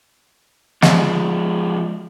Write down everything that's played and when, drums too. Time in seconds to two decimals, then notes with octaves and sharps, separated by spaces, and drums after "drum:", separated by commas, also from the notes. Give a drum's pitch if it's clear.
0.82 F3 G#3, drum: snare